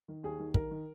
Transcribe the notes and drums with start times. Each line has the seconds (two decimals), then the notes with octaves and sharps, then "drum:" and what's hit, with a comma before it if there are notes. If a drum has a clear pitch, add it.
0.08 D#3
0.23 D#2 G#4
0.39 D#3
0.54 D#3 A#4, drum: kick
0.71 D#3